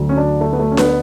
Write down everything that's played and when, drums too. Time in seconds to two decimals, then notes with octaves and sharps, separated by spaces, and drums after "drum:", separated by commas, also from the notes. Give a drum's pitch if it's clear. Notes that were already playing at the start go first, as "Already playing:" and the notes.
Already playing: D2 D3 F#3
0.09 C#4
0.17 D4
0.41 A3
0.53 B3
0.59 A3
0.71 C#4
0.77 B3, drum: snare D4